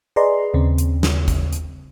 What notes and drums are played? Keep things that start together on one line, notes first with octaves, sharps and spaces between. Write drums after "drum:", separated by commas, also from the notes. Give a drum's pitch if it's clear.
G#4 B4 D5 D#5 A#5 C6
D#2 C#3 C4
drum: hi-hat
drum: snare
drum: kick, hi-hat
drum: hi-hat